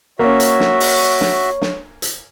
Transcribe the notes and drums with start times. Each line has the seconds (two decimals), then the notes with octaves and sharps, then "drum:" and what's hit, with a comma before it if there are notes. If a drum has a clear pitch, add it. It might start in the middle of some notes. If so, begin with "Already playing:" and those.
0.19 A#3 C#4 F#4 C#5 E5
0.40 drum: hi-hat
0.60 drum: snare
0.80 drum: open hi-hat
1.21 drum: snare
1.62 drum: snare
2.02 drum: hi-hat